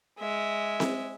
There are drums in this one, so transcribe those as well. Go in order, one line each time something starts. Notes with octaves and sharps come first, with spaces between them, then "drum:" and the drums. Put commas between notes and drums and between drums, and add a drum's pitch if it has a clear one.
G#3 E5
drum: snare C4